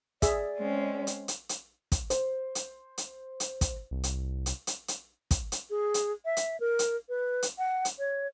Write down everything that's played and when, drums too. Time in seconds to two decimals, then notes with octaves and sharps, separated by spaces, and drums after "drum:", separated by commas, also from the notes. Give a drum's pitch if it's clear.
0.22 G#4 D5 E5, drum: kick, hi-hat
0.57 G#3 C4 C#4
1.07 drum: hi-hat
1.28 drum: hi-hat
1.49 drum: hi-hat
1.92 drum: kick, hi-hat
2.10 C5, drum: hi-hat
2.55 drum: hi-hat
2.98 drum: hi-hat
3.40 drum: hi-hat
3.61 drum: kick, hi-hat
3.91 C2
4.04 drum: hi-hat
4.46 drum: hi-hat
4.67 drum: hi-hat
4.88 drum: hi-hat
5.31 drum: kick, hi-hat
5.52 drum: hi-hat
5.70 G#4
5.94 drum: hi-hat
6.25 E5
6.37 drum: hi-hat
6.60 A#4
6.79 drum: hi-hat
7.09 B4
7.43 drum: hi-hat
7.58 F#5
7.85 drum: hi-hat
7.99 C#5